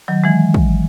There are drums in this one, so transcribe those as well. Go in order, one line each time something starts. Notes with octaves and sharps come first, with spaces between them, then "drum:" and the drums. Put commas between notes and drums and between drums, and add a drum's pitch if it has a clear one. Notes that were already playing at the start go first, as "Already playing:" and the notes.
D#3 F#3
E3 G#3
drum: kick